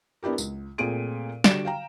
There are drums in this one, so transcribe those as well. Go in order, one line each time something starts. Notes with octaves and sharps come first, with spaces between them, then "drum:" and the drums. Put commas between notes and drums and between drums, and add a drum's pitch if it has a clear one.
B3 D4 E4 G4 A#4
C#2, drum: tambourine
A#2 A3 C4 G#4 D7 D#7
D3 G3 F#4 D7 E7, drum: snare
F5 G5 A#5